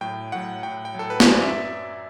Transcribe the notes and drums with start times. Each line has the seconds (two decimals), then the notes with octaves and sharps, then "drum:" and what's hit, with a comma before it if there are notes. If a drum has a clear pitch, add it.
0.01 A2 F#3 G5
0.32 A2 F#3 F#5
0.63 A2 F#3 G5
0.85 G5
0.95 A2 F#3 A4
1.10 B4
1.20 C5, drum: snare
1.26 F#2 F#3 D5
1.42 E5